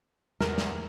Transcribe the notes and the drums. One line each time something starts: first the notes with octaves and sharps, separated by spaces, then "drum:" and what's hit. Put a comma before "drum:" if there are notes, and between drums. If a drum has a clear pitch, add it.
E2 A#4, drum: snare
drum: snare